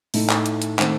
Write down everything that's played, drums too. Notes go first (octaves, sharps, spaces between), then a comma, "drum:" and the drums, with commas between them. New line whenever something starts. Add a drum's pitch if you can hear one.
A2 A3 D#4, drum: open hi-hat
drum: clap
drum: hi-hat
drum: hi-hat
D#3 A3 C4, drum: clap